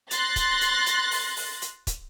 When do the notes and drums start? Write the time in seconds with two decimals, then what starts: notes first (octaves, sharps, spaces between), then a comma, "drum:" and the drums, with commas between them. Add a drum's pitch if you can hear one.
0.11 C6 F#6 A6 A#6, drum: hi-hat
0.36 drum: kick, hi-hat
0.61 drum: hi-hat
0.86 drum: hi-hat
1.11 drum: open hi-hat
1.37 drum: open hi-hat
1.62 drum: hi-hat
1.87 drum: kick, hi-hat